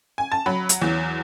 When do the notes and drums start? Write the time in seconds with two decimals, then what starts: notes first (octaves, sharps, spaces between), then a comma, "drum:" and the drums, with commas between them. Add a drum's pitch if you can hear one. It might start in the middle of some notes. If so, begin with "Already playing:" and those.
0.18 G#5
0.32 A5
0.46 F#3 B5
0.69 drum: hi-hat
0.82 E2